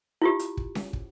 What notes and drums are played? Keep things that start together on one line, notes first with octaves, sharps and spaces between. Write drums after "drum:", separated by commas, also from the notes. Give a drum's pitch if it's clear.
E4 F4 G4
drum: hi-hat
drum: kick
drum: snare C#4
drum: kick